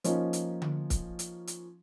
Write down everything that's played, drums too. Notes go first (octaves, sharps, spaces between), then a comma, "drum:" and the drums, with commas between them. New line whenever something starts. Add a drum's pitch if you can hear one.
F3 A#3 C#4 D#4, drum: hi-hat
drum: hi-hat
drum: tom D3
drum: kick, hi-hat
drum: hi-hat
drum: hi-hat